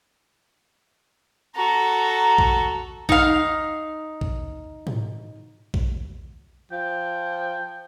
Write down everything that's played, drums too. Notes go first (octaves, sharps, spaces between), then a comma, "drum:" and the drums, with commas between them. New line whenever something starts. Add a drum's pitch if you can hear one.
F#4 A4 A#5
drum: kick A#1
D#4 F5, drum: kick A#1
drum: kick A#1
drum: tom G#2
drum: kick A#1
F3 G5